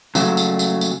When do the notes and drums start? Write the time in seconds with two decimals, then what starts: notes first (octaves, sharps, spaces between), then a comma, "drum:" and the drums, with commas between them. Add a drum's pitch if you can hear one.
0.15 C#3 F#3 A3, drum: tambourine
0.37 drum: tambourine
0.59 drum: tambourine
0.81 drum: tambourine